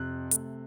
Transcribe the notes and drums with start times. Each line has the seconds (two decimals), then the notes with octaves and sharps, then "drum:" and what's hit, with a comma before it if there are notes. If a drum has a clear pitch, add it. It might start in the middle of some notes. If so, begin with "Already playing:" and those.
Already playing: F2 C3 F#6
0.31 A3, drum: hi-hat